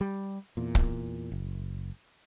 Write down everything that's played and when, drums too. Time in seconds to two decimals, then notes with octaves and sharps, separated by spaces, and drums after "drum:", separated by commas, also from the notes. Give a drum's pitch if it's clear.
0.01 G3
0.57 E2 A#2
0.75 drum: kick
1.32 F#1